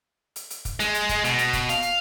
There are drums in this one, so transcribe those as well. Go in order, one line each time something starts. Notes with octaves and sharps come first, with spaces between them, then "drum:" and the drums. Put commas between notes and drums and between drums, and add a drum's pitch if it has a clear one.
drum: hi-hat
drum: hi-hat
drum: kick, hi-hat
G#3, drum: hi-hat
drum: hi-hat
drum: kick, hi-hat
B2, drum: hi-hat
drum: hi-hat
drum: kick, hi-hat
F5, drum: hi-hat
drum: hi-hat